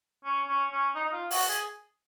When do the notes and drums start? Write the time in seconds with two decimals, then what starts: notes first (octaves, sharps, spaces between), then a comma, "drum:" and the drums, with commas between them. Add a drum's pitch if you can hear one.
0.25 C#4
0.48 C#4
0.72 C#4
0.95 D#4
1.05 D#4
1.12 F4
1.31 F#4, drum: open hi-hat
1.48 G#4